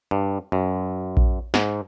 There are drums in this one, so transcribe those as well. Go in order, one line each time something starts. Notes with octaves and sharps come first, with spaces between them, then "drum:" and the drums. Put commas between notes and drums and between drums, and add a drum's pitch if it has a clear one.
G2
F#2
drum: kick A#1
G#2, drum: snare